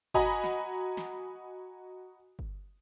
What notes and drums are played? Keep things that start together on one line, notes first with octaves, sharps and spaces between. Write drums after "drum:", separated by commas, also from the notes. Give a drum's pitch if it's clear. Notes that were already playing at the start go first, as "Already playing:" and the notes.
F#4 D#5 G#5 A#5 B5, drum: kick G1
drum: snare
drum: snare
drum: kick G1